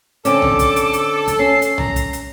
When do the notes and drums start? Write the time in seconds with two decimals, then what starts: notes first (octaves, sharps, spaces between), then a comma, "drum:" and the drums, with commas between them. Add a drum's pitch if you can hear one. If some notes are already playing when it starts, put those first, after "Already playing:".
0.25 D3 C4 C#4 A4 D6, drum: hi-hat
0.42 drum: tom
0.59 drum: kick, hi-hat
0.76 drum: hi-hat
0.93 drum: hi-hat
1.28 drum: kick, hi-hat
1.39 C#4 C7
1.62 drum: hi-hat
1.78 A#5, drum: tom
1.96 drum: kick, hi-hat
2.13 drum: hi-hat